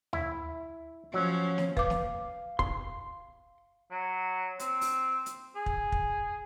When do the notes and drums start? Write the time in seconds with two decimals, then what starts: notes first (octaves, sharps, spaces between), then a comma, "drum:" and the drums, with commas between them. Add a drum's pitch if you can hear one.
0.13 E4, drum: tom D2
1.14 F3 F#3 C#4
1.58 drum: snare
1.77 B4 F5 D6, drum: kick
1.90 drum: snare
2.59 C6, drum: kick
3.91 F#3
4.59 C4, drum: hi-hat
4.81 drum: open hi-hat
5.26 drum: hi-hat
5.56 G#4
5.66 drum: kick
5.92 drum: kick